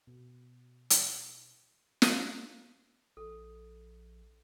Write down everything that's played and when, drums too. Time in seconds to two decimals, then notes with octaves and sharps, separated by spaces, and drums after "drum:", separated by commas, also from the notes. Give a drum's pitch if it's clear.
0.07 B2
0.90 drum: hi-hat
2.02 drum: snare
3.17 A#1 A4